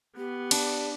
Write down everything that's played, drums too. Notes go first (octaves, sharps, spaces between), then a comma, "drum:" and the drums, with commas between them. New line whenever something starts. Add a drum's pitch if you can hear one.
B3 G4
D4, drum: cymbal